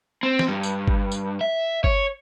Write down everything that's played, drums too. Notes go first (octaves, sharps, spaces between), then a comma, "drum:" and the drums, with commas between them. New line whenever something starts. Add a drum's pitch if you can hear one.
C4
drum: snare
G2
drum: tambourine
drum: kick G1
drum: tambourine
E5
C#5, drum: kick G1